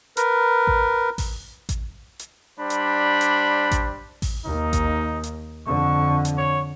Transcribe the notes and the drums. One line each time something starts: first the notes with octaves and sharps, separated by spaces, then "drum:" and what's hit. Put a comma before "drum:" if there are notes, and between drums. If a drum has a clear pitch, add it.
A#4 B4, drum: hi-hat
drum: kick A1
drum: kick A1, open hi-hat
drum: kick A1, hi-hat
drum: hi-hat
G3 D4 C5 B5
drum: hi-hat
drum: hi-hat
drum: kick A1, hi-hat
drum: kick A1, open hi-hat
D#2 D#4
drum: kick A1, hi-hat
drum: hi-hat
F2 D3 C#6
drum: hi-hat
C#5